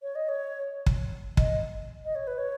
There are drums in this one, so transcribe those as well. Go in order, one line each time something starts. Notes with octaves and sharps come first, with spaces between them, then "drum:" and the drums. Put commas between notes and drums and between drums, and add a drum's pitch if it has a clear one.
C#5
D#5
C#5
drum: kick
D#5, drum: kick
D#5
C#5
B4
C#5